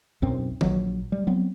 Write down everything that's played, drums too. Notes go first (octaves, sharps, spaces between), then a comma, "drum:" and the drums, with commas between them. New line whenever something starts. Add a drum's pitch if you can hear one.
B1 F#2 C4
A#1 F#3, drum: tom
G3
F#3 B3 C4